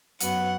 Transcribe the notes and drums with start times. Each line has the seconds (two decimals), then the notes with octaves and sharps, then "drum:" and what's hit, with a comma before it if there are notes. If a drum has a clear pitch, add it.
0.20 F#2 F#3 B3 F#5, drum: hi-hat